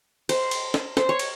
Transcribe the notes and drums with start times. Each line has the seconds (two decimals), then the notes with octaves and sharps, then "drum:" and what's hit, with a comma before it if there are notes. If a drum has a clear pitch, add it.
0.29 C5, drum: cymbal
0.51 drum: cymbal
0.74 drum: snare
0.97 C5, drum: snare
1.09 C#5
1.19 drum: cymbal